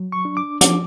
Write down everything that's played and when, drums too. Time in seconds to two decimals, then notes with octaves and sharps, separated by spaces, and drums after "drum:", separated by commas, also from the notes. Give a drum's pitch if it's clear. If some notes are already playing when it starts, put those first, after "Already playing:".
Already playing: F#3
0.12 C#6
0.25 D4
0.37 D6
0.61 F3 D6, drum: hi-hat